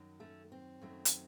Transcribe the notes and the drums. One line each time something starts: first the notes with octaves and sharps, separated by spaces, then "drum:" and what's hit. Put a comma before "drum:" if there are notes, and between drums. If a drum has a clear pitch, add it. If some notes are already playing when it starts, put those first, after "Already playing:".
Already playing: F#2 D#3 F#3
A3 C#4
C4
F#2 D#3 F#3 A3
drum: hi-hat